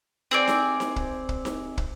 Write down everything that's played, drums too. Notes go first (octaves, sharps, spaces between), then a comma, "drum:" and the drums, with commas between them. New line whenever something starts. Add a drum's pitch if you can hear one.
C4 G#4 D5
drum: snare D#4
drum: snare D#4
drum: kick
drum: kick
drum: snare D#4
drum: kick